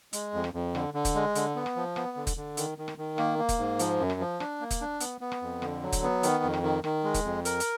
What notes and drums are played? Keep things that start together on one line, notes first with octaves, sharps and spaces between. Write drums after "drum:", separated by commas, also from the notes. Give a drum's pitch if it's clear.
G#3, drum: hi-hat
F2
drum: rim click
F2
D3, drum: rim click
D3
drum: kick, hi-hat
G#3
D3, drum: hi-hat
B3
drum: rim click
F3
B3, drum: rim click
D3
drum: kick, hi-hat
D3
D#3, drum: hi-hat
D#3
drum: rim click
D#3
A#3, drum: rim click
A#3
drum: kick, hi-hat
G#2
F3, drum: hi-hat
F#2
drum: rim click
F3
D4, drum: rim click
A#3
drum: kick, hi-hat
D4
B3, drum: hi-hat
B3
drum: rim click
F2
D3, drum: rim click
F#3
drum: kick, hi-hat
B3
D#3, drum: hi-hat
F2
drum: rim click
D#3
D#3, drum: rim click
G#3
drum: kick, hi-hat
F2
A#4, drum: hi-hat
drum: hi-hat